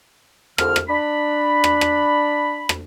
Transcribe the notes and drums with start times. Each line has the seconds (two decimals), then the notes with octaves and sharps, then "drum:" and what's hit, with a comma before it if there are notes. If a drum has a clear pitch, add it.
0.58 C2 F2 D3 F6, drum: rim click
0.76 drum: rim click
0.89 D4 B5
1.64 drum: rim click
1.81 drum: rim click
2.69 drum: rim click